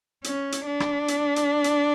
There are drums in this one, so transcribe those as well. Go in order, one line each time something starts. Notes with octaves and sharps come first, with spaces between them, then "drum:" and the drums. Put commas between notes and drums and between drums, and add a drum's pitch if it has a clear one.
C#4, drum: hi-hat
drum: hi-hat
D4
drum: rim click
drum: hi-hat
drum: hi-hat
drum: hi-hat